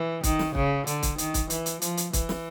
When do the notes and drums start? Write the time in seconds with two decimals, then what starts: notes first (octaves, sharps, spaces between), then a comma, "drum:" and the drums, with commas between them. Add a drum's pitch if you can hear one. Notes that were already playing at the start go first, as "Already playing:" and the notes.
Already playing: E3
0.23 D#3, drum: kick, hi-hat
0.39 drum: snare
0.55 C#3, drum: kick
0.87 D3, drum: hi-hat
1.03 drum: kick, hi-hat
1.18 D#3, drum: hi-hat
1.34 drum: kick, hi-hat
1.50 E3, drum: hi-hat
1.66 drum: hi-hat
1.82 F3, drum: hi-hat
1.97 drum: hi-hat
2.13 E3, drum: kick, hi-hat
2.29 drum: snare